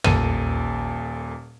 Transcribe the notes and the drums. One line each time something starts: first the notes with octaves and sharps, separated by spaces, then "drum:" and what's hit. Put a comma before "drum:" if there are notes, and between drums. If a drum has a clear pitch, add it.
D#1 A#2 A4 D#7, drum: tom